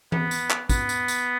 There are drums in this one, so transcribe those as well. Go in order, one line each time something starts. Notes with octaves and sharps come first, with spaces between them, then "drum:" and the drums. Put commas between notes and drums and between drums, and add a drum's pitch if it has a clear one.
B3, drum: tom E3
drum: tambourine
drum: clap
B3, drum: kick, tambourine
drum: tambourine
drum: tambourine